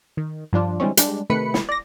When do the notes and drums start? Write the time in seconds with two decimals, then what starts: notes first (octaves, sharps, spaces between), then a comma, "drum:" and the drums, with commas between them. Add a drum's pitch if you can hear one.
0.17 D#3
0.53 G2 F3 D4 F4
0.80 D3 E3 G3 G#3 C4 C#4
0.97 G3 G#3 D4, drum: hi-hat
1.30 C3 D#3 A3 B4 B5 C#7
1.54 drum: snare
1.69 D5 A#6